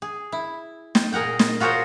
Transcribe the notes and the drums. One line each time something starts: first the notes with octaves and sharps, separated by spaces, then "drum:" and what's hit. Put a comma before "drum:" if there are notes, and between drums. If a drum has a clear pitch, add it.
G#4
E4
G5, drum: snare
A#2 G#4 A#4 F#5 G5
drum: snare
F4 F#4 G#4 A#4 C5 C#5